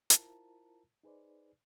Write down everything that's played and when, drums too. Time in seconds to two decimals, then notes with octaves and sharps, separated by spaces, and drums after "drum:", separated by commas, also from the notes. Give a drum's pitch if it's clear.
0.10 E4 F4 A#4 C5 A5 A#5, drum: hi-hat
1.03 D#4 G#4 B4 C5 D5